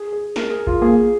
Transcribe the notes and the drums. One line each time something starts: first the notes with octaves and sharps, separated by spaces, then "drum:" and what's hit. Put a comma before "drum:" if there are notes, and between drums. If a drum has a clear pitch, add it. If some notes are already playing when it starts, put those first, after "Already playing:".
Already playing: G#4
G#4
A#4, drum: snare
G#4
F4, drum: kick G#1
A#3 G#4